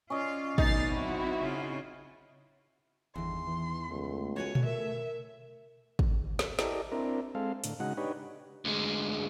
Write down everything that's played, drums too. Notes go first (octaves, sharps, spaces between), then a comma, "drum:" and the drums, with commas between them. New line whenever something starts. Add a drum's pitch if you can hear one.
C#4 F4 D5 D#5 F5
B1 B2 A3 D#4 A6 C7, drum: kick
F#3 C4 E4 F#4
C#3 F4
G1 E2 D#3 C6
E3
C#2 A3
F#4 B4 C#5 G#5
drum: tom A#2
A#4 E5
drum: kick
drum: snare
E4 G4 A4 A#4 D5 D#5, drum: snare
C4 D4 E4 A#4
G#3 C4 A4 F5
A2 D3, drum: hi-hat
C#3 G#3 D#4 F#4 F#5
D4 D#4 G4 B4 C#5
D2 G#3